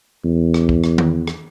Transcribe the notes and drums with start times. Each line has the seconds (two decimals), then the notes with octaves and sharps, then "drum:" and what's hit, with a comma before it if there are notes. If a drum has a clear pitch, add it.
0.25 E2
0.54 drum: rim click
0.69 drum: kick
0.84 drum: rim click
0.98 drum: tom D#3
1.27 drum: rim click